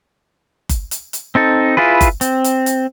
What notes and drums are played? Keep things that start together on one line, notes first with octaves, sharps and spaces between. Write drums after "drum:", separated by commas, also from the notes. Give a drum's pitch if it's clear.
drum: kick F#1, hi-hat
drum: hi-hat
drum: hi-hat
C4 D#4 A4
E4 F4 G#4 B4
drum: kick F#1, hi-hat
C4, drum: hi-hat
drum: hi-hat
drum: hi-hat